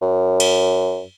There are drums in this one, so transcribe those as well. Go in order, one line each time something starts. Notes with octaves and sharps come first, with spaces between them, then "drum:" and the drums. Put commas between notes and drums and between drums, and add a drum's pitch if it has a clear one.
F#2
drum: cymbal